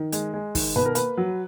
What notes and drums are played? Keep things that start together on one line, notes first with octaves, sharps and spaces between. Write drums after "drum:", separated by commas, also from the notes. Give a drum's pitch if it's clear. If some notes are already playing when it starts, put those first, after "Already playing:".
Already playing: D#3
G#3, drum: hi-hat
G#3
D#3, drum: kick, open hi-hat
B2 B4
A#4
A#3 B4, drum: hi-hat
F#3